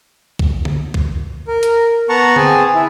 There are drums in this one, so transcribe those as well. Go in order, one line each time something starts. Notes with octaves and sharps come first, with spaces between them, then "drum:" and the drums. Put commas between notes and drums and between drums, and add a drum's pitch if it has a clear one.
drum: kick C2
drum: tom D3
drum: kick C2
A#4
drum: hi-hat
B3 F#5 A5 A#5 C#6
C4 G#4 G#5 A5, drum: tom D3
E4